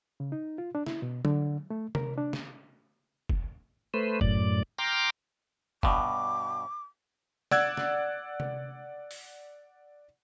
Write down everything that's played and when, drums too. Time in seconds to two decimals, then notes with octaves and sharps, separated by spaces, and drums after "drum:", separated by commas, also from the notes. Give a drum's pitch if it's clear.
0.20 C#3
0.32 D#4
0.58 F4
0.75 D4
0.86 E4, drum: snare
1.02 B2
1.25 D3, drum: tom F#3
1.70 A3
1.95 A#4, drum: tom C3
2.18 D4
2.33 drum: snare
3.29 drum: kick
3.94 A3 B4 C5
4.21 F#2 A2 D5, drum: kick
4.79 G5 A#5 C6 D6 F6
5.83 G2 B2 D6, drum: kick
7.51 D5 F#5 E6 F#6 G#6, drum: snare
7.77 drum: snare
8.40 drum: tom C3
9.11 drum: open hi-hat